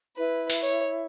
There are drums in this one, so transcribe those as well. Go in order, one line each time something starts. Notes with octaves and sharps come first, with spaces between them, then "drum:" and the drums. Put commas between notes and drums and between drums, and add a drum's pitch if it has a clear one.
E4 B4
drum: open hi-hat
C#5